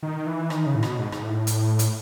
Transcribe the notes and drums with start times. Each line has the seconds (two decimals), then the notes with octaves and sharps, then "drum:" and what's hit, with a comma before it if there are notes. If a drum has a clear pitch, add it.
0.03 D#3
0.27 E3
0.50 D#3, drum: rim click
0.66 C#3
0.75 A2
0.83 B2, drum: rim click
0.99 G#2
1.12 G#2, drum: rim click
1.23 A2
1.47 drum: hi-hat
1.79 drum: hi-hat